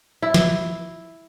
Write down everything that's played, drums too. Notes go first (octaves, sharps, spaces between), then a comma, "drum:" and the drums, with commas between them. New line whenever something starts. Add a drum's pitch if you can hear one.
E4
drum: snare